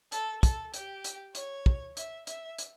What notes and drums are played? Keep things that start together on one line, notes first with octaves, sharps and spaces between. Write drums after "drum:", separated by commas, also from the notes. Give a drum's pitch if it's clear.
A4, drum: hi-hat
A4, drum: kick, hi-hat
G4, drum: hi-hat
drum: hi-hat
C#5, drum: hi-hat
drum: kick
E5, drum: hi-hat
E5, drum: hi-hat
drum: hi-hat